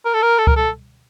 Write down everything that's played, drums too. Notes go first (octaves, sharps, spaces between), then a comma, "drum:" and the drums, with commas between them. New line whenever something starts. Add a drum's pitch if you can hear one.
A#4
A4
A#4
A4
A#4, drum: kick C#2
A4